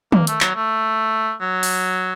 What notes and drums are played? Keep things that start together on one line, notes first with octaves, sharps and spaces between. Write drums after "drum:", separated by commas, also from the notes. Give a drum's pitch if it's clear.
A#3, drum: tom D#3
A3, drum: hi-hat
F#3, drum: clap
A3
F#3
drum: open hi-hat